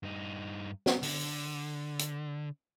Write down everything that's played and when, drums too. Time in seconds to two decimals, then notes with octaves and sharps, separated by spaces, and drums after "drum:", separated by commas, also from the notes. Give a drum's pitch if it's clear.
0.03 G2 D#4
0.86 drum: snare
1.03 D3, drum: open hi-hat
1.99 drum: hi-hat